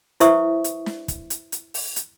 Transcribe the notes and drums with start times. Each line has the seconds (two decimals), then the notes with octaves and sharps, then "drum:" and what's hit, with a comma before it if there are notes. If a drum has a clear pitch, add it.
0.20 E4 B4 C5 E5 C#6 D#6, drum: hi-hat
0.64 drum: hi-hat
0.86 drum: snare
1.08 drum: kick, hi-hat
1.30 drum: hi-hat
1.52 drum: hi-hat
1.74 drum: open hi-hat
1.96 drum: hi-hat